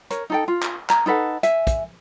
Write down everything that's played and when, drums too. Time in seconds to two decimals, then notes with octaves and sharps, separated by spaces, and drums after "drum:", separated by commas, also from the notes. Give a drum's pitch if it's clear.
0.10 A#4 C#5, drum: hi-hat
0.30 D#4 A4 G5
0.48 F4
0.63 drum: clap
0.90 A#5, drum: clap
1.06 D#4 A4 B4 F#5
1.43 E5 G#5, drum: hi-hat
1.67 drum: kick, hi-hat